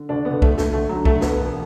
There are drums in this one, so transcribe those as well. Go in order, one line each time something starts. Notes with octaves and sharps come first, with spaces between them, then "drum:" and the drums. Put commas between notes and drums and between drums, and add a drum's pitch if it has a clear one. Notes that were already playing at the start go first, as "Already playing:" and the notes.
Already playing: D3
D2 D4
B3
D2
A3, drum: kick C2
D3
A3, drum: snare
D2 A3
F#3
D3
A3, drum: kick C2
D3
B3, drum: snare
E1